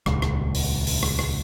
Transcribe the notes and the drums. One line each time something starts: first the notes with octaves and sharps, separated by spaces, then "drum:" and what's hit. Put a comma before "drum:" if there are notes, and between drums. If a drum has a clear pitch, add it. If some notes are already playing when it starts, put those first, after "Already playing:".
D#1 C#2, drum: rim click
drum: rim click
drum: open hi-hat
drum: open hi-hat
drum: rim click
drum: rim click